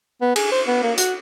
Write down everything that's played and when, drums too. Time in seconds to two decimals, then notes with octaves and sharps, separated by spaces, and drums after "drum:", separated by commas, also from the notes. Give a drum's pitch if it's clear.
0.22 B3
0.36 G#4, drum: cymbal
0.52 C5
0.67 B3
0.83 A#3
0.98 F#4, drum: hi-hat